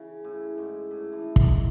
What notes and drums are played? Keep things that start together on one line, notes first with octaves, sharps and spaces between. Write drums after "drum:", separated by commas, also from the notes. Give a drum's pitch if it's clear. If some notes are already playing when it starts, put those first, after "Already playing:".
Already playing: C#3 E3
A2
G#2
A2
E3
D#3, drum: kick